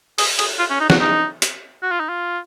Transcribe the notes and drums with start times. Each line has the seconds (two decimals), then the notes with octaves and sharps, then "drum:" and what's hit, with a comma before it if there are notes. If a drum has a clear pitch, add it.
0.18 G#4, drum: open hi-hat
0.39 G#4, drum: cymbal
0.59 F4
0.70 C#4
0.80 D#4
0.90 F#4, drum: snare
1.00 D#4
1.42 drum: hi-hat
1.83 F#4
1.91 F4
2.00 D#4
2.09 F4